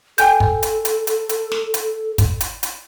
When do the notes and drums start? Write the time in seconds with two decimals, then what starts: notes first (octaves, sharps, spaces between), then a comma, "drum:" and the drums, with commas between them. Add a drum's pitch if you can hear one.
0.18 A4 G5 G#5 G6, drum: hi-hat
0.40 drum: kick
0.63 drum: hi-hat
0.85 drum: hi-hat
1.07 drum: hi-hat
1.29 drum: hi-hat
1.52 drum: snare
1.74 drum: hi-hat
2.18 drum: kick, hi-hat
2.41 drum: hi-hat
2.63 drum: hi-hat